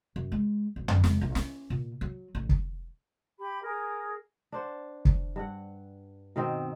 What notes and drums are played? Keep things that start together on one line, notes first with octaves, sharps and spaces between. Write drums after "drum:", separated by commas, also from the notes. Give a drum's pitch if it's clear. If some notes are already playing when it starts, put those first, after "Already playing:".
F#2
G#3
G#1
drum: tom
G#3, drum: snare
A#1
C#4, drum: snare
A#2
F#3
A1
drum: kick
G4 B5
G#4 A#4
D4 C5 F#5
drum: kick
G2 F#5
B2 D#3 C4 A#4